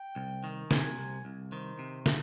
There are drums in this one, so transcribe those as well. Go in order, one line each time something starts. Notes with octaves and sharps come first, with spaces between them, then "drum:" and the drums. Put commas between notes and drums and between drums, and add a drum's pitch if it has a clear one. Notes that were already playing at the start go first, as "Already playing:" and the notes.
Already playing: G5
C2
D#3
C3 G#5, drum: snare
C2
C2
D#3 C5
C3
drum: snare